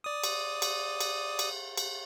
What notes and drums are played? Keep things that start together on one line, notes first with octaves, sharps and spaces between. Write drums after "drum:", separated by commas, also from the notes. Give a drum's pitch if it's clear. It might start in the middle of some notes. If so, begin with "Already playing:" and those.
D5 D#6
drum: cymbal
drum: cymbal
drum: cymbal
drum: cymbal
drum: cymbal